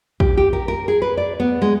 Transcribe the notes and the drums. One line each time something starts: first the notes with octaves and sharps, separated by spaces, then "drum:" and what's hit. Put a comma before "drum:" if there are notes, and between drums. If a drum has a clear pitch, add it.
G4, drum: kick
G4
A#4
A#4
G#4
B4
D5
B3
G#3